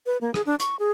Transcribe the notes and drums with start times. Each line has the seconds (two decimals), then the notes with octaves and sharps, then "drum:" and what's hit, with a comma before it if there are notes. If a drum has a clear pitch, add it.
0.06 B4
0.21 A#3
0.34 G#4, drum: rim click
0.46 D4
0.60 C#6, drum: hi-hat
0.79 G#4